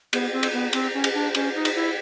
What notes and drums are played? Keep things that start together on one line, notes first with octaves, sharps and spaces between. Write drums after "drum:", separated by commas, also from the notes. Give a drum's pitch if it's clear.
B3, drum: cymbal
C4
drum: cymbal
B3
C4, drum: cymbal
C#4
drum: cymbal
D4
C#4, drum: cymbal
D#4
drum: cymbal
E4